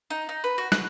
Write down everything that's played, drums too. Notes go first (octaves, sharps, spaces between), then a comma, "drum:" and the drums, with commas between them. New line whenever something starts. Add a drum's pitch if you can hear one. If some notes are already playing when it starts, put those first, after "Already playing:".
D#4
D#4
B4
F#4
F#6, drum: snare